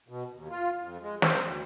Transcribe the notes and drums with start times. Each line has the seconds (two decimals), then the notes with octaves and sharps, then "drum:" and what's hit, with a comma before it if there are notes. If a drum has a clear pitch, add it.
0.08 B2
0.33 D#2
0.50 F4
0.82 F2
1.02 G#3
1.22 C5, drum: snare
1.41 D2